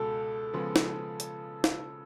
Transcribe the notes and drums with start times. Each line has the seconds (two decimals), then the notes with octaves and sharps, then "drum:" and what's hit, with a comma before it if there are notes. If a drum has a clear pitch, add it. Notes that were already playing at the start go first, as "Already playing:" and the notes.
Already playing: C#2 B2 G#3 A4
0.53 C#3 F3 G#3 B3
0.76 drum: snare
1.20 drum: hi-hat
1.64 drum: snare